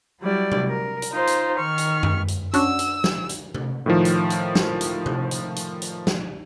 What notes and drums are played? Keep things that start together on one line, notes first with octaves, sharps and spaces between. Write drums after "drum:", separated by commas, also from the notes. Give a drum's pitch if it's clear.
F#3 G3 E4 D5
drum: tom C3
A#4
drum: hi-hat
D#4 F4 C5
drum: hi-hat
D#3 C#6 F6
drum: hi-hat
drum: tom F#2
drum: hi-hat
C#4 D4 F#4 E6, drum: hi-hat
drum: hi-hat
drum: snare
drum: hi-hat
drum: tom C3
A2 D#3 F3
drum: hi-hat
drum: hi-hat
drum: snare
drum: hi-hat
drum: tom C3
drum: hi-hat
drum: hi-hat
drum: hi-hat
drum: snare